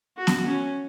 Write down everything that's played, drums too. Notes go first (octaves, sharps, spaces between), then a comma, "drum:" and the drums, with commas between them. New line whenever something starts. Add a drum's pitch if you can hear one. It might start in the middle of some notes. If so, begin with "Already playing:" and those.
F#4
drum: snare B3
C#4